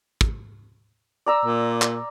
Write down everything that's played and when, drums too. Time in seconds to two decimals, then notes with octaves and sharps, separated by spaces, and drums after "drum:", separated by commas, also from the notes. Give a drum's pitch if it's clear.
0.21 drum: kick
1.26 D5 A#5 E6
1.45 A#2
1.82 drum: clap